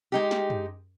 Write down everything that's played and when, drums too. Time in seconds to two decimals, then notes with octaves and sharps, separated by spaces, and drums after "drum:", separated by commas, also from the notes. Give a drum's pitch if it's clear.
0.12 G#3 D#4 G4
0.31 drum: snare
0.50 drum: tom